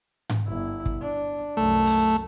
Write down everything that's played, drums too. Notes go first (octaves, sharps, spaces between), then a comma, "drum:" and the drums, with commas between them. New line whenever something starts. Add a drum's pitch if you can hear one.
drum: tom G#2
G1 E4
drum: kick
D4
C2 F#2 A3
drum: open hi-hat